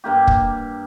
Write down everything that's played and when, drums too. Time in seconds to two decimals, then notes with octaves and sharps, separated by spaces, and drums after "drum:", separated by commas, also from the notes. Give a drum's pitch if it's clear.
0.04 G2 A#3 G4
0.27 drum: kick